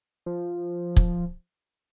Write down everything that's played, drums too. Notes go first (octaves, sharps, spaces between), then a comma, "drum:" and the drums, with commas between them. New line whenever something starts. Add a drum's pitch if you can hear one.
F3
drum: kick